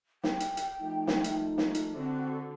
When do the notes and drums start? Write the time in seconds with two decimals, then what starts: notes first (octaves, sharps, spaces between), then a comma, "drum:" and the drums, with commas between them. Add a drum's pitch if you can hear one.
0.24 G5, drum: snare
0.40 drum: hi-hat
0.57 drum: hi-hat
0.80 F3 A3 D#4
1.07 drum: snare
1.24 drum: hi-hat
1.58 drum: snare
1.75 drum: hi-hat
1.94 D3 C4 F#4